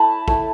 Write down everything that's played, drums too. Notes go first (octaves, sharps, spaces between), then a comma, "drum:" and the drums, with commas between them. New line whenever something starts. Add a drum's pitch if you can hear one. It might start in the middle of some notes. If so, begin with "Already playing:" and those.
Already playing: A3 E4 A5 B5
A3 E4, drum: kick